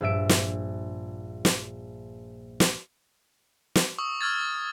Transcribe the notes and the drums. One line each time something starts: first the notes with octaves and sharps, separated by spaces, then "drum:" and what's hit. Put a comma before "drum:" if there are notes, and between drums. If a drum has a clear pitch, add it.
A#1 G2 E5 D7
drum: snare
drum: snare
drum: snare
drum: snare
C#6 D#6 E6
C#6 E6 F6 G#6 A6